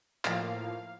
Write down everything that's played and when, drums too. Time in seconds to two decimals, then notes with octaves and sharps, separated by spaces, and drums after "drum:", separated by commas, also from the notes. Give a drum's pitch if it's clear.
0.25 A2 F3 A#3 F5, drum: clap